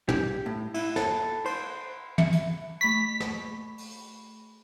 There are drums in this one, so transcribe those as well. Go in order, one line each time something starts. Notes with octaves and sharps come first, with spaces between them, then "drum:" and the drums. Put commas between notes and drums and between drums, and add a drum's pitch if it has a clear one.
G4, drum: tom
A2
E4, drum: cymbal
A4, drum: snare
C5, drum: cymbal
E5, drum: tom
drum: hi-hat
A3 B5 C#6 B6
drum: snare
drum: open hi-hat